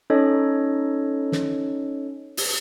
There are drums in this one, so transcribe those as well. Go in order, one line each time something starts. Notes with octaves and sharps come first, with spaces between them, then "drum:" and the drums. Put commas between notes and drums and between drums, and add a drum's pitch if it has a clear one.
C#4 D#4 A4 C#5 D#5
drum: snare
drum: open hi-hat